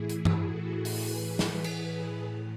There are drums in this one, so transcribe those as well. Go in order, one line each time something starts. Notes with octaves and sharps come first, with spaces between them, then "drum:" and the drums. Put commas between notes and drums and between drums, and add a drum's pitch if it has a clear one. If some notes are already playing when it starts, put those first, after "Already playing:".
Already playing: A2 E3 E4 G#4
drum: hi-hat
drum: tom
F#4 A4
drum: open hi-hat
A2 E3 G#4 B4
drum: snare
drum: cymbal
A2 E3